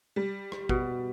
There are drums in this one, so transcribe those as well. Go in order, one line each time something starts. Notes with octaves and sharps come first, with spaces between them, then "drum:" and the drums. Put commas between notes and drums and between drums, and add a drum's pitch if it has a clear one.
G3
drum: rim click
B2, drum: kick G#1